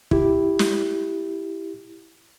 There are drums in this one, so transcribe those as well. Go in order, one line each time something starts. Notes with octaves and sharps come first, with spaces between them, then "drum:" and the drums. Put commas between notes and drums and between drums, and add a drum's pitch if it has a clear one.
E4 G4, drum: kick
drum: snare